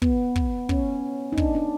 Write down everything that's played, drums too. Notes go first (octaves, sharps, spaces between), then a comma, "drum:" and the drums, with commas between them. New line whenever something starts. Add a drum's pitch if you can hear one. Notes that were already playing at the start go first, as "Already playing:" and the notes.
B3, drum: kick
drum: kick
C#4, drum: kick
D#4
D4, drum: kick
D4